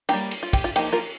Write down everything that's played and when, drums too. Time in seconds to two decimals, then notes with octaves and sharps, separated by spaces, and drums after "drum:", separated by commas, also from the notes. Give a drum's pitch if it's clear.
0.09 G3 A#3 D#4 G4, drum: cymbal
0.31 drum: cymbal
0.43 F4
0.53 G4, drum: kick, cymbal
0.64 F4
0.76 F3 A#3 D#4 G4, drum: cymbal
0.92 F4 A#4